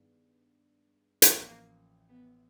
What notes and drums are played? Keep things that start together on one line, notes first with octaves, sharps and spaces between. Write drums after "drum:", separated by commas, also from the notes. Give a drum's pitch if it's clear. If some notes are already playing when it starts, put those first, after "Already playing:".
Already playing: G2 D#3 G#3 B3
A1 A2 F3 A#3, drum: hi-hat
B3